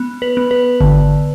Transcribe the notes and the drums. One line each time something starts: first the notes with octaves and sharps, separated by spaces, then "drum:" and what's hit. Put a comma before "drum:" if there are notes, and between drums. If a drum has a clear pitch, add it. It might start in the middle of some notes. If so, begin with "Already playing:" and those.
Already playing: B3
B4
B3
B4
D3, drum: kick G#1